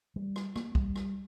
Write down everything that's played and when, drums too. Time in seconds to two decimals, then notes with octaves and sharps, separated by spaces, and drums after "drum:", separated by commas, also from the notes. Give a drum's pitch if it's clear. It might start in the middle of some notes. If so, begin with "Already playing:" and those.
0.16 G3
0.36 drum: rim click
0.56 A#3, drum: rim click
0.75 G3, drum: kick
0.96 drum: rim click